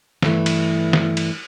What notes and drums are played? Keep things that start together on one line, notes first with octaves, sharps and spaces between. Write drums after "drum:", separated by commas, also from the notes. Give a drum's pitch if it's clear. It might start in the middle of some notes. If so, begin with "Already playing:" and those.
G2 E3 A3, drum: snare
drum: cymbal
drum: snare
drum: cymbal